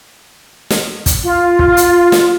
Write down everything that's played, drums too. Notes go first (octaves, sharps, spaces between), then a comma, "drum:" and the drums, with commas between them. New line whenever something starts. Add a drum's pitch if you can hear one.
drum: snare
drum: kick, hi-hat
F4
drum: kick
drum: hi-hat
drum: snare